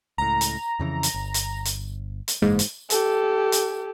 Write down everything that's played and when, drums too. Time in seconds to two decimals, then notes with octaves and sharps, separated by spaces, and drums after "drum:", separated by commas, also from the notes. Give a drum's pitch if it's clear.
0.18 C#2 A2 A#5
0.41 drum: hi-hat
0.79 F2 C#3 E3
1.03 drum: hi-hat
1.14 G1
1.34 drum: hi-hat
1.65 drum: hi-hat
2.28 drum: hi-hat
2.42 F#1 G#2 E3 A#3
2.59 drum: hi-hat
2.90 G4 A4, drum: hi-hat
3.52 drum: hi-hat